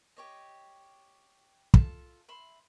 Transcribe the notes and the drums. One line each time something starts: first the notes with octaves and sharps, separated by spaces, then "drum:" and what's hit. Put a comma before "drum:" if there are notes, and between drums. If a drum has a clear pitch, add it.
G4 C#5 D#5
F4 A4, drum: kick
E5 B5 C6